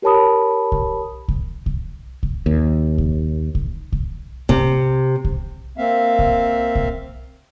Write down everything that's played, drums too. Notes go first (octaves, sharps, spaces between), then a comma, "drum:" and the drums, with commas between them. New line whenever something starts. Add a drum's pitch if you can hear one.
G4 A#4 C#5 A5 B5 D#6
drum: kick C2
drum: kick C2
drum: kick C2
drum: kick C2
D#2
drum: kick C2
drum: kick C2
drum: kick C2
C3, drum: kick C2
drum: kick C2
A#3 C4 E5 F5
drum: kick C2
drum: kick C2